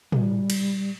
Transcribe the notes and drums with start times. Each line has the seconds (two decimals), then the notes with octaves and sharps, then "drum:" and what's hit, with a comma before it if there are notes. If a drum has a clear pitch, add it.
0.12 G3, drum: tom
0.50 drum: cymbal